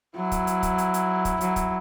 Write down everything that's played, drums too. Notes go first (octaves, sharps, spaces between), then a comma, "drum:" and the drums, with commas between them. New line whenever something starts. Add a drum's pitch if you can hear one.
F#3 E4
drum: kick, hi-hat
drum: hi-hat
drum: kick, hi-hat
drum: hi-hat
drum: hi-hat
drum: kick, hi-hat
F#3, drum: hi-hat
drum: kick, hi-hat